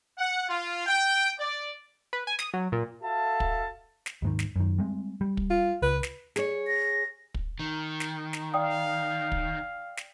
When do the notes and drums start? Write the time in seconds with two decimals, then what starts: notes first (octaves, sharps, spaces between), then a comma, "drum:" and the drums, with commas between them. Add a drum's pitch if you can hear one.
0.18 F#5
0.49 F4
0.86 G5
1.39 D5
2.13 B4
2.27 G#5
2.39 D#6, drum: snare
2.54 F#3
2.72 A#2
3.02 F#4 A4 E5 F5 A5
3.40 drum: kick
4.06 drum: snare
4.22 D#2 G#2 D#3
4.39 drum: snare
4.56 F#2 D#3
4.78 G3 G#3 C4
5.21 G3
5.37 drum: kick
5.50 F4
5.82 C#2 B4
6.03 drum: snare
6.36 G#4 C#5, drum: snare
6.67 A#6
7.34 drum: kick
7.59 D#3
8.00 drum: snare
8.33 drum: snare
8.54 D5 F5 G5 D#6
9.32 drum: kick
9.97 drum: snare